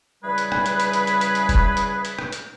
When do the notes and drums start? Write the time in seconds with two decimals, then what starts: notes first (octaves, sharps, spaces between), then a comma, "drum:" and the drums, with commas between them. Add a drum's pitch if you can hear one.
0.24 C#3 E3 G3 G#4 B4
0.38 drum: hi-hat
0.52 drum: rim click
0.66 drum: hi-hat
0.80 drum: hi-hat
0.93 drum: hi-hat
1.07 drum: hi-hat
1.21 drum: hi-hat
1.35 drum: hi-hat
1.49 drum: kick, hi-hat
1.77 drum: hi-hat
2.05 drum: hi-hat
2.19 drum: rim click
2.32 drum: hi-hat